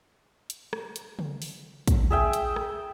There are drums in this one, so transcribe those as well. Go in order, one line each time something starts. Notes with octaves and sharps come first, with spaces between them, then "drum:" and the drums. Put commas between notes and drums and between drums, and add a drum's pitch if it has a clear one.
drum: hi-hat
drum: rim click
drum: hi-hat
drum: tom C#3
drum: open hi-hat
drum: kick, hi-hat
G#4 E5 G5
drum: hi-hat
drum: rim click